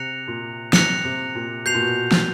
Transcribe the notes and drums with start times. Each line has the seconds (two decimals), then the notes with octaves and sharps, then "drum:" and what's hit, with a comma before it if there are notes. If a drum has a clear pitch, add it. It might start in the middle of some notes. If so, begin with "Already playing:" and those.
Already playing: C3 F#6 A#6 C#7 F7
0.27 A#2
0.73 C3 F#6 A#6 C#7 F7, drum: snare
1.05 C3
1.35 A#2
1.65 B2 G6 C7 F7
1.74 A#2
1.82 B2
2.12 drum: snare